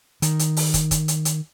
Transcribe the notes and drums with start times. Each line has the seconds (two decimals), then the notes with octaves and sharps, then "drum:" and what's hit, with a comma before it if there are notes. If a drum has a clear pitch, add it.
0.22 D#3, drum: hi-hat
0.39 drum: hi-hat
0.57 drum: open hi-hat
0.74 drum: kick, hi-hat
0.91 drum: kick, hi-hat
1.08 drum: hi-hat
1.25 drum: hi-hat